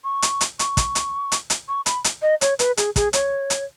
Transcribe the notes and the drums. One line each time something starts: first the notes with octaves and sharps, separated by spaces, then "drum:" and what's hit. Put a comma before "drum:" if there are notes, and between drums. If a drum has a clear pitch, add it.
C#6
drum: hi-hat
drum: hi-hat
C#6, drum: hi-hat
drum: kick, hi-hat
drum: hi-hat
drum: hi-hat
drum: hi-hat
C#6
B5, drum: hi-hat
drum: hi-hat
D#5
C#5, drum: hi-hat
B4, drum: hi-hat
G#4, drum: hi-hat
G#4, drum: kick, hi-hat
C#5, drum: hi-hat
drum: hi-hat